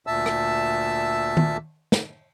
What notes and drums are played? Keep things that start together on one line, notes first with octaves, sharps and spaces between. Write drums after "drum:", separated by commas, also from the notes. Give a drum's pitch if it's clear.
D2 A#2 E5 A5 E6
drum: rim click
drum: tom D#3
drum: snare